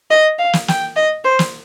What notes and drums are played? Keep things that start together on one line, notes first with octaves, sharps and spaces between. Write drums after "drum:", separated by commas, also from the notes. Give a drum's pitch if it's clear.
D#5
F5
drum: snare
G5, drum: snare
D#5
C5
drum: snare